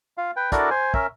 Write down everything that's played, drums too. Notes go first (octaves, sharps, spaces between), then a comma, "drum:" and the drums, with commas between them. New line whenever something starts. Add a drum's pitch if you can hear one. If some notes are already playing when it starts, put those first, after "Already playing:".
F4 F5
B4 G5
D4 E4 F#4 A4 A#4 D5, drum: kick, hi-hat
C5 G#5
C#4 A#4 E5, drum: kick